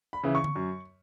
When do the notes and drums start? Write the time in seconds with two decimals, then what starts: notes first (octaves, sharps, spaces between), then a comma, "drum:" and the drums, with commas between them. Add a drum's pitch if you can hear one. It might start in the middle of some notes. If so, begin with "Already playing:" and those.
0.13 B5
0.23 C#3 E3
0.35 C#6
0.44 drum: tom D3
0.56 F#2